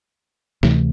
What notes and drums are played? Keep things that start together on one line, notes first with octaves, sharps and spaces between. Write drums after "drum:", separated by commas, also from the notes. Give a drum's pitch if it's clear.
D2 C3 E3 A3, drum: snare